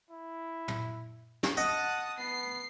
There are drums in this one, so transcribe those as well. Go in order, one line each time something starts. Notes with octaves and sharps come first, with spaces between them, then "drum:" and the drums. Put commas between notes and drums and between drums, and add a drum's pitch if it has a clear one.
E4
drum: tom
drum: snare
D#5 F#5 A5 D#6
B3 C7